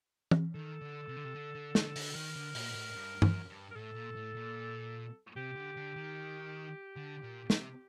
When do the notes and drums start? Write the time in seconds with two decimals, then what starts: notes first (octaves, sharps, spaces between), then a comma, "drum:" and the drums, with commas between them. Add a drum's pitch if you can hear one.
0.31 drum: tom E3
0.54 D#3 A4
0.81 D3
1.08 C3
1.17 D3
1.24 C3
1.35 D3
1.55 D3
1.75 D3, drum: snare
1.96 D3, drum: open hi-hat
2.03 A4
2.15 D#3 A#4
2.36 D3
2.55 A#2, drum: open hi-hat
2.75 A2
2.95 G2
3.22 F#2, drum: tom G2
3.49 G2
3.71 A#4
3.76 A2 A4
3.95 A#2
4.16 A2
4.36 A#2
5.36 C3 G4
5.56 D3
5.76 D3
5.96 D#3
6.96 D3
7.23 A#2
7.50 C3, drum: snare